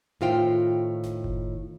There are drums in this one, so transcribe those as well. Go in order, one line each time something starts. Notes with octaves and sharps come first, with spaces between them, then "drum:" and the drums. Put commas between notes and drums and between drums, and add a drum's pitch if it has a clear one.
A2 D#3 F4 C5 F5 G5
drum: snare E1
drum: kick F#1